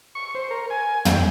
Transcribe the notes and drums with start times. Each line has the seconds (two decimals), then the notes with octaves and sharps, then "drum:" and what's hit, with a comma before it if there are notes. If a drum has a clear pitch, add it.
0.15 C#6
0.35 C5
0.51 A#4
0.70 G#5
1.05 G5, drum: tom